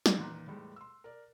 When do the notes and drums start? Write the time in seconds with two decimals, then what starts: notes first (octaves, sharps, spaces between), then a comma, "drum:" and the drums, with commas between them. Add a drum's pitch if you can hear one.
0.06 drum: snare
0.18 E2 A#2 D#3 A#5 C6 F#6
0.48 E2 A2 G3 G#3
0.76 C6 E6
1.04 A#4 D5